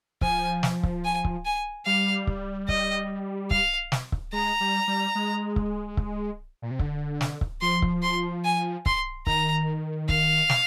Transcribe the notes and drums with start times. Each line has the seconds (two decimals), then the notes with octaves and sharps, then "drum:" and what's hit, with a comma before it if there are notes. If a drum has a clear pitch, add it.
0.21 F3 G#5, drum: kick C#1
0.63 drum: snare
0.83 drum: kick C#1
1.05 G#5
1.25 drum: kick C#1
1.45 G#5
1.86 G3 F5
2.27 drum: kick C#1
2.69 D#5, drum: kick C#1
3.51 F5, drum: kick C#1
3.92 drum: snare
4.12 drum: kick C#1
4.33 G#3 A#5
4.60 G3
4.88 G3
5.15 G#3
5.56 drum: kick C#1
5.97 drum: kick C#1
6.62 A#2
6.71 C3
6.79 D3, drum: kick C#1
7.21 drum: snare
7.41 drum: kick C#1
7.61 F3 C6
7.82 drum: kick C#1
8.03 C6
8.44 G#5
8.86 C6, drum: kick C#1
9.27 D#3 A#5, drum: kick C#1
10.09 F5, drum: kick C#1
10.49 drum: snare